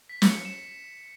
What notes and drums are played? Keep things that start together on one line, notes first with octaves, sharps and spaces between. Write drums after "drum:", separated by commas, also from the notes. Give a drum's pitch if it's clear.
B6
C#7, drum: snare
C#7
E7